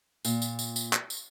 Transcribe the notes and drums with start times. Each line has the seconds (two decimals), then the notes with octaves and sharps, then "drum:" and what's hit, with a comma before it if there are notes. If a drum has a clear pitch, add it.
0.25 A#2, drum: tambourine
0.42 drum: tambourine
0.59 drum: tambourine
0.76 drum: tambourine
0.93 drum: clap
1.10 drum: tambourine